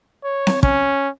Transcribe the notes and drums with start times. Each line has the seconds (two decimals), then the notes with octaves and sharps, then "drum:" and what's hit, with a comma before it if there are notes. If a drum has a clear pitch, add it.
0.24 C#5
0.47 drum: snare C4
0.63 C#4, drum: kick